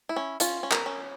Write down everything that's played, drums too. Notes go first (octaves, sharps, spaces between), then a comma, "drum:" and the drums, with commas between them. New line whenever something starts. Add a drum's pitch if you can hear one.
E4
C#4
C#4 F4, drum: hi-hat
C#4
A#4, drum: clap
C#4